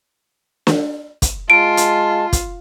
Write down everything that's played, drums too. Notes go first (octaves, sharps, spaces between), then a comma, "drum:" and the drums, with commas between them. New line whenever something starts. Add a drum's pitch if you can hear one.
drum: snare
drum: kick, hi-hat
G#3 F4 A5 D7
drum: hi-hat
drum: kick, hi-hat